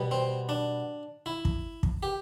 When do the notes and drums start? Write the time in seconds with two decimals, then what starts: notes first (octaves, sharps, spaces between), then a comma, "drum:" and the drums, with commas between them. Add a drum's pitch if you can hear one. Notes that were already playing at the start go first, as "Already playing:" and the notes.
Already playing: B2 G3 B3
0.11 C4
0.49 D4
1.26 E4
1.45 drum: kick
1.83 drum: kick
2.03 G4